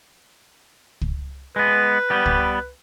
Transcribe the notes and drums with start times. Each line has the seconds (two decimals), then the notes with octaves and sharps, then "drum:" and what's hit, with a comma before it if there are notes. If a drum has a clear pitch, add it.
1.01 drum: kick
1.56 G#3 B3 B4
2.10 G3 B3 G4
2.26 drum: kick